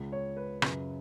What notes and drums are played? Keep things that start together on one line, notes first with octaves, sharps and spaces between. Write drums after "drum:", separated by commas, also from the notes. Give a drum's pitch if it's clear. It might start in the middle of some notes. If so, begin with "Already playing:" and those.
Already playing: C#2 C#3
C#5
B4
F#2 C#3 B4, drum: rim click